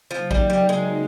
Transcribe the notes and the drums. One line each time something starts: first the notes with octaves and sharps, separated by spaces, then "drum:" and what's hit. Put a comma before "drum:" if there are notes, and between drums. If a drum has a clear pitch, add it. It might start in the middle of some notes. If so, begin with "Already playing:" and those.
C#3 F3 F#3 A#3 D#4
G3, drum: kick A1
G3
G#3